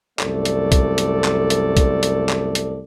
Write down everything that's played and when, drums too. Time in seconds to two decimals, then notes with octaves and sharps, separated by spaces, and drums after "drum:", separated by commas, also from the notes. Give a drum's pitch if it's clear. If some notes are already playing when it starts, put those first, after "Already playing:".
0.19 C2 F#2 A3 A4 D5, drum: clap
0.45 drum: hi-hat
0.72 drum: kick, hi-hat
0.98 drum: hi-hat
1.24 drum: clap
1.50 drum: hi-hat
1.77 drum: kick, hi-hat
2.03 drum: hi-hat
2.29 drum: clap
2.55 drum: hi-hat